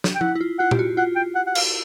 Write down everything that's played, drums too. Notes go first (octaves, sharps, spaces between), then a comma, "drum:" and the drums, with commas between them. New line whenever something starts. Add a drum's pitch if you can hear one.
drum: snare
G5
E4 F#5, drum: tom F3
E4
F4
F4 F#5
G4, drum: tom
F#4
F4 F#5
G5
F#5
F#5
F5, drum: cymbal